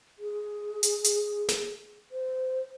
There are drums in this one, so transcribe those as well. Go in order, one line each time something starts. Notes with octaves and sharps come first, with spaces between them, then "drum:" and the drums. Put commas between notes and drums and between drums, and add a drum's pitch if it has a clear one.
G#4
drum: hi-hat
drum: hi-hat
drum: snare
C5